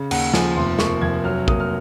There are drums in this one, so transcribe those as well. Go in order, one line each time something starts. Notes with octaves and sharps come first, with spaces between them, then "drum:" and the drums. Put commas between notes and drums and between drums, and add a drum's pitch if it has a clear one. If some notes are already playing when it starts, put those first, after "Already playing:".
Already playing: C#3
D#2 F#5, drum: cymbal
F3 G#5, drum: snare
F1 C6
A#3 C#6, drum: snare
F1 G#6
F#3 F6
A#3 D#6, drum: kick
F6